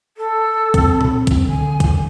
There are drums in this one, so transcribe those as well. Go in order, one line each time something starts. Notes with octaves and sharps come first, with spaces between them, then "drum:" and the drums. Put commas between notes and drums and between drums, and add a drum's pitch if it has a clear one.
A4
C4, drum: kick C2, hi-hat
drum: tom A#2
drum: kick C2, hi-hat
D3 G#5
drum: kick C2, hi-hat